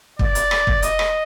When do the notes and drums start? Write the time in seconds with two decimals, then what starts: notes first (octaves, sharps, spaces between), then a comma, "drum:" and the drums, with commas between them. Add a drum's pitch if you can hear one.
0.19 D5, drum: kick
0.35 drum: hi-hat
0.51 drum: rim click
0.67 drum: kick
0.82 D#5, drum: hi-hat
0.99 drum: rim click